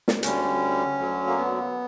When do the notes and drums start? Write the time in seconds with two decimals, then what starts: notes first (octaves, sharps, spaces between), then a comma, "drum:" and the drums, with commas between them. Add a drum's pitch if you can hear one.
0.08 drum: snare
0.23 D2 D3 G3 C#4, drum: hi-hat
0.99 D2 D3 F#3
1.27 A#3
1.37 B3